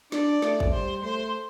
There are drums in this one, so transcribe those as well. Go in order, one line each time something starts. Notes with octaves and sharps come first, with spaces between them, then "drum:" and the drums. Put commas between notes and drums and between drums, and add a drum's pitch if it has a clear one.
D4 D5, drum: snare
A3, drum: snare
drum: kick G#1
G3 C5
A3 C5